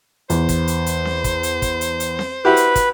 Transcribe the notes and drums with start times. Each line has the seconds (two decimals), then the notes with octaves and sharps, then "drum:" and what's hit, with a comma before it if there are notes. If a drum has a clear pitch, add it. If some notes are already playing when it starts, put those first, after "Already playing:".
0.30 E2 C5, drum: hi-hat
0.49 drum: kick, hi-hat
0.68 drum: hi-hat
0.86 drum: hi-hat
1.05 drum: snare C4
1.24 drum: kick, hi-hat
1.43 drum: hi-hat
1.62 drum: kick, hi-hat
1.81 drum: hi-hat
2.00 drum: hi-hat
2.19 drum: snare C4
2.45 E4 F#4 G4 B4
2.57 drum: hi-hat
2.76 drum: kick, hi-hat